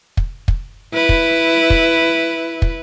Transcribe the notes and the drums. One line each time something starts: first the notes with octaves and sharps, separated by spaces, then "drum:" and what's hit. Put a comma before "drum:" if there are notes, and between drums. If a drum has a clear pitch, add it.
drum: kick
drum: kick
E4 B4
drum: kick
drum: kick
drum: kick